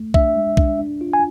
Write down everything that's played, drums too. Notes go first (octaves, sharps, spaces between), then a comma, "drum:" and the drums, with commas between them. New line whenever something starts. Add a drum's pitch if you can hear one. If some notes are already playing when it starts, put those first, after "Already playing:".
Already playing: A3
D4 E5, drum: kick B1
G#3
D4, drum: kick B1
D4
F4
G#5